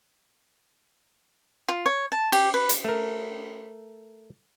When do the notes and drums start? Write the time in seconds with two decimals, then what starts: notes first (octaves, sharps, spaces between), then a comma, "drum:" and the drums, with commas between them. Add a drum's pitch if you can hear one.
1.68 F4
1.86 C#5
2.12 A5
2.32 G4, drum: cymbal
2.54 B4
2.69 drum: hi-hat
2.84 A3 A#4